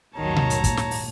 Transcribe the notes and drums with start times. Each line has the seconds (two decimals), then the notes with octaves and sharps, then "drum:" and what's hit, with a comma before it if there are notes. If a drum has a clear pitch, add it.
0.17 A1 D#2 G#2 D#3 F#3 C#5 A5 A#5
0.36 drum: tom B2
0.50 drum: hi-hat
0.64 A#2, drum: kick, hi-hat
0.77 drum: snare
0.91 drum: open hi-hat